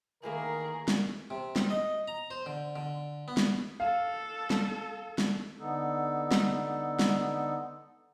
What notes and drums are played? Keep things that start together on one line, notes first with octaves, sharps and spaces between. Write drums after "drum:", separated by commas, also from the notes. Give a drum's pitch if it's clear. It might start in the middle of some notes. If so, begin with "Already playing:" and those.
D#3 E3 A3 A#3 G#4 A#4
drum: snare
C3
drum: snare
D#5
A#5
C5
D3
D3
B3
drum: snare
A4 F5
drum: snare
drum: snare
D3 B3 D#4 A4
drum: snare
drum: snare